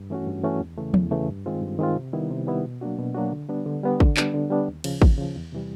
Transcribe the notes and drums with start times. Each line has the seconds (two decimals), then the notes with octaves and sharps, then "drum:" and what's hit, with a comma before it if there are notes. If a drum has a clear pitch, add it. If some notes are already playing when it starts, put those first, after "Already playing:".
Already playing: G2
0.10 E3 A3 C#4 F#4
0.27 G2
0.44 E3 A3 C#4 F#4
0.61 E2
0.78 C#3 E3 A3
0.94 E2, drum: tom F3
1.11 C#3 E3 A3
1.29 G2
1.46 D#3 G#3 C4 F4
1.62 G2
1.79 D#3 G#3 C4 F4
1.96 C3
2.13 D#3 G3 B3 E4
2.30 C3
2.47 D#3 G3 B3 E4
2.65 B2
2.81 F#3 A#3 D4 F#4
2.99 B2
3.14 F#3 A#3 D4 F#4
3.31 D3
3.48 G3 B3 D4
3.66 D3
3.83 G3 B3 D4
4.00 D3, drum: kick
4.17 G3 B3 D4, drum: clap
4.34 D3
4.50 G3 B3 D4
4.68 D#2
4.84 C#3 F3, drum: cymbal
5.02 D#2, drum: kick
5.18 C#3 F3
5.36 E2
5.52 C3 E3 G3